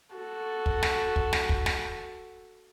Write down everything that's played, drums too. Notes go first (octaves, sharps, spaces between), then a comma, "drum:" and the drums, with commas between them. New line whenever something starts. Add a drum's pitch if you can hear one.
F#4 A4
drum: kick
drum: snare
drum: kick
drum: snare
drum: kick
drum: snare